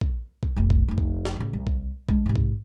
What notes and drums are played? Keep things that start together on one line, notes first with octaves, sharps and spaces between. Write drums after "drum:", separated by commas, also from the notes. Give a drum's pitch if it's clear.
drum: kick
drum: kick
F1 B1
drum: kick
F1 D#4
drum: kick
drum: snare
A1 C#3
C2
drum: kick
G#3 D4, drum: kick
G#2 C3
drum: kick